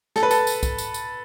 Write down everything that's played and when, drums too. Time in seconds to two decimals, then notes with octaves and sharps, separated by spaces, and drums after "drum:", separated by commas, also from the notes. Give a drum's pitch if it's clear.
0.16 A4, drum: snare
0.23 B4
0.31 A4, drum: tambourine
0.47 drum: tambourine
0.63 drum: kick C2, tambourine
0.78 drum: tambourine
0.94 drum: tambourine